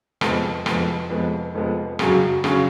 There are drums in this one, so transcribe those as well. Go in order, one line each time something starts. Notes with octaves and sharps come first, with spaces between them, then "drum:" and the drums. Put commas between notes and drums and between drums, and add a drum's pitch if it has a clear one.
F1 F2 F3 G#3 B3, drum: rim click
F1 F2 F3 G#3 B3, drum: rim click
F1 F2 F3 G#3 B3
F1 F2 F3 G#3 B3
F#2 C#3 F#3 C#4 G#4, drum: rim click
C#3 F#3 C#4 G#4, drum: rim click